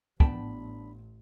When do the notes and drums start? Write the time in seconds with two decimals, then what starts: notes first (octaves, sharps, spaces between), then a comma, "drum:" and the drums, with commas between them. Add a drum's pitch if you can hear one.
0.20 A1 B3 D4 G5 A5 B5, drum: kick